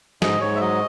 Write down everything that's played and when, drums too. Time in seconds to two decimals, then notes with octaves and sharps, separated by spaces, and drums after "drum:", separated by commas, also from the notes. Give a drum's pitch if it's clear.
0.22 G#2 D#5, drum: snare
0.41 G#2 C#5
0.56 E5
0.60 F#3 D#5